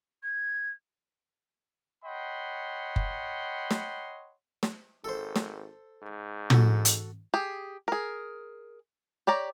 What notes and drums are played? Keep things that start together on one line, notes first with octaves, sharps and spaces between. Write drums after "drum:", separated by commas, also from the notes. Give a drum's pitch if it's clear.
G#6
C#5 D#5 F#5 G5 B5 C6
drum: kick F#1
drum: snare
drum: snare
G#1 A4 C5
drum: snare
G#2
F#4 A4, drum: tom
drum: hi-hat
G4 G#4
G#4 A#4
G4 C#5 D5 A#5